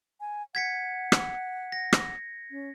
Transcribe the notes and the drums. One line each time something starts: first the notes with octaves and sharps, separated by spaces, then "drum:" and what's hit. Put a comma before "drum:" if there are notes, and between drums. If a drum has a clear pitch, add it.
G#5
F#5 G#6 B6 C#7
drum: rim click
A#6
drum: rim click
C#4